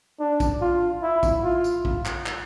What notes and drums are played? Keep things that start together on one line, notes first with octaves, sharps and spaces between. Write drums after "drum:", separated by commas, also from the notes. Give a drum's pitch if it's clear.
D4
drum: kick, tambourine
F4
E4
drum: kick, tambourine
F4
drum: tambourine
drum: kick
drum: clap
drum: clap